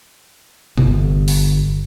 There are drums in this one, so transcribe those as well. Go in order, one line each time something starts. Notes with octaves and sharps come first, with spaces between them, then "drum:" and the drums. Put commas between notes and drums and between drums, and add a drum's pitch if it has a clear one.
G1, drum: tom C3
drum: open hi-hat